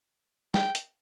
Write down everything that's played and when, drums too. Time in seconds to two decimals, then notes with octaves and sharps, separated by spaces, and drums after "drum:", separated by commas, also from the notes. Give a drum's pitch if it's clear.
0.54 G5, drum: snare
0.75 drum: hi-hat